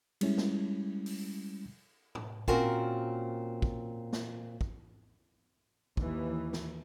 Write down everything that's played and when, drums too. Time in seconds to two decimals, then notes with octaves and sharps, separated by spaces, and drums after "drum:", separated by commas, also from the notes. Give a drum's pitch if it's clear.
0.21 G3 G#3 C#4 E4, drum: cymbal
0.38 drum: snare
1.06 drum: open hi-hat
2.15 drum: tom G#2
2.48 A#2 C4 C#4 F#4 A#4, drum: kick
3.62 drum: kick
4.13 drum: snare
4.61 drum: kick
5.97 D#2 E3, drum: kick
6.53 drum: snare